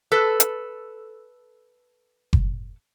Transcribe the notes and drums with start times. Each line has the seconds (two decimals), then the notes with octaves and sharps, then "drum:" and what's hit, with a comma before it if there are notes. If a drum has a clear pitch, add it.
0.12 A4 B4
0.40 drum: hi-hat
2.33 drum: kick F#1